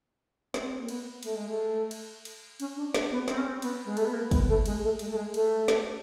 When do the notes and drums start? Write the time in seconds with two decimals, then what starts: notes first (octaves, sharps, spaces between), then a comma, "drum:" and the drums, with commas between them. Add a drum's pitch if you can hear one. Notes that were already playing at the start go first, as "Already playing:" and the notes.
0.54 C4, drum: snare
0.79 A#3
0.89 B3, drum: cymbal
1.23 A3, drum: cymbal
1.35 G#3
1.48 A3
1.91 drum: cymbal
2.25 drum: cymbal
2.60 C#4, drum: cymbal
2.76 D4
2.94 D4, drum: snare
3.11 B3
3.28 C4, drum: snare
3.38 C#4
3.48 C4
3.62 B3, drum: cymbal
3.85 G#3
3.97 A3, drum: cymbal
4.05 B3
4.13 A#3
4.31 B3, drum: kick, cymbal
4.48 A3
4.66 G#3, drum: cymbal
4.83 A3
4.99 G#3, drum: cymbal
5.10 A3
5.16 G#3
5.34 A3, drum: cymbal
5.68 drum: snare